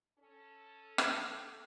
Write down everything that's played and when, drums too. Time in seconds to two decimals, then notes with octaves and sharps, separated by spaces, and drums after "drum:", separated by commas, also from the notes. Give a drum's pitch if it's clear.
0.19 C#4 A4
0.98 drum: rim click